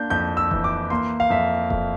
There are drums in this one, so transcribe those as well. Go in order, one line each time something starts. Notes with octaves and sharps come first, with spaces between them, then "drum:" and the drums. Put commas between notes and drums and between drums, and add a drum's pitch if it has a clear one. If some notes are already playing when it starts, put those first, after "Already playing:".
Already playing: A#3 D4 G6
F2 G6
E6
E3, drum: kick D#1
D6
A#3 C6
F5
F2 E5
F2, drum: kick D#1